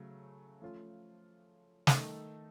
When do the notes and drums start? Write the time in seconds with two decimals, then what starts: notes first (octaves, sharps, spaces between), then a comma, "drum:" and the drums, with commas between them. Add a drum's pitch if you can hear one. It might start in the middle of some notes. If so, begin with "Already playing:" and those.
Already playing: C#3 F#3 A3
0.62 F3 A3 C#4 F4
1.87 D#3 A3 D#4 A4, drum: snare